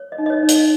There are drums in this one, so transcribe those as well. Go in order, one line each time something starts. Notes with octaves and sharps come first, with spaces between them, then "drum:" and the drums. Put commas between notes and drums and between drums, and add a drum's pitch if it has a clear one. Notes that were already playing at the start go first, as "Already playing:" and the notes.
Already playing: C#5
D#5
D#4
D#5
C#5
D#4
D#5, drum: hi-hat